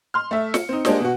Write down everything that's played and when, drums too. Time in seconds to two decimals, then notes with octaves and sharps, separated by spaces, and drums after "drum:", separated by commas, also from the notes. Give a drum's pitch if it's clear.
0.14 C6 F6
0.31 A3 E5
0.54 C#7, drum: snare
0.69 C4 D#4
0.85 G#3 A#3 D4 G4 C5 D#5, drum: snare
1.00 B2 F#4